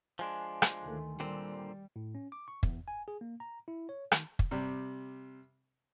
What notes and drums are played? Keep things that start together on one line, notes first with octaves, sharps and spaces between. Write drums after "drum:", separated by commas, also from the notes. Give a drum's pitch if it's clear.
F3 G#3 D4 G#5 C6
drum: rim click
D2 D#3 A3
A#2 D3 G3 C4
A2
C#4
D6
C#6
E2, drum: kick
G#5
G#4
A#3
A#5
E4
C#5
D#3, drum: rim click
drum: kick
C3 G3